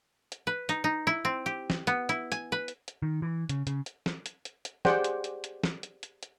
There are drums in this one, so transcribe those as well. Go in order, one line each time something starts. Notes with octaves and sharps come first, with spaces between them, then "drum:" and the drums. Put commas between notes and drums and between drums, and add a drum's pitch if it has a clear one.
drum: hi-hat
B4
D#4, drum: hi-hat
D#4
E4
C4
G4
drum: snare
B3, drum: hi-hat
E4, drum: hi-hat
G#5, drum: hi-hat
B4
drum: hi-hat
drum: hi-hat
D#3
E3
C#3, drum: hi-hat
C#3, drum: hi-hat
drum: hi-hat
drum: snare
drum: hi-hat
drum: hi-hat
drum: hi-hat
G4 G#4 C5 D5 F#5 G5, drum: snare
drum: hi-hat
drum: hi-hat
drum: hi-hat
drum: snare
drum: hi-hat
drum: hi-hat
drum: hi-hat